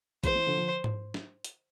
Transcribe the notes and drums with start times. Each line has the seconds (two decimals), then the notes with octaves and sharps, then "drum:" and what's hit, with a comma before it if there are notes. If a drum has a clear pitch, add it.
0.24 E3 G#3 C5, drum: kick, hi-hat
0.35 E3
0.46 D3 F3
0.57 D3 F3
0.84 drum: tom G#2
1.14 drum: snare
1.44 drum: hi-hat